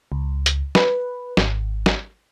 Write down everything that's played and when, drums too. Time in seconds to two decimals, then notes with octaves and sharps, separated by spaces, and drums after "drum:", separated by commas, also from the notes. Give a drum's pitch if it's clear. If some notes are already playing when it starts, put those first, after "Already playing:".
0.12 C#2
0.46 drum: hi-hat
0.75 B4, drum: snare
1.37 G#1, drum: snare
1.86 drum: snare